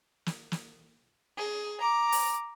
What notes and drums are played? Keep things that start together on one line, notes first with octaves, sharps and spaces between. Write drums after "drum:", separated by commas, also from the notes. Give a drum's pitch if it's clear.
drum: snare
drum: snare
G#4
A#5 D6
drum: open hi-hat